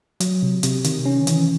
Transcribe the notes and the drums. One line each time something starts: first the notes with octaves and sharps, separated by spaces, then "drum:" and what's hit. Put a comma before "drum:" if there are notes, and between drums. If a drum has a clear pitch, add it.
F#3, drum: hi-hat
C3
C3, drum: hi-hat
D#3, drum: hi-hat
C#4
E3, drum: hi-hat